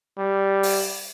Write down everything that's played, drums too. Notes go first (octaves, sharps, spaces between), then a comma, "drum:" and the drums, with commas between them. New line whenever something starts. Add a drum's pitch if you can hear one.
G3
drum: open hi-hat